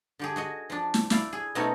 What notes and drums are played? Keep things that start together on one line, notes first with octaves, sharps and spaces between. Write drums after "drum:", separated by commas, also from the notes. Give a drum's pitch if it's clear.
D3 G4 G#4
F#4 G#4 D#5
F3 D4
drum: snare
E4 D5 F5, drum: snare
G#4
B2 A3 C4 C#4 D#4 F#4